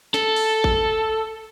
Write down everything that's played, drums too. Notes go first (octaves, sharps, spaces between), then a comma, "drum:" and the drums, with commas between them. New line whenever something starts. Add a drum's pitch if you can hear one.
A4, drum: snare
drum: open hi-hat
drum: kick G#1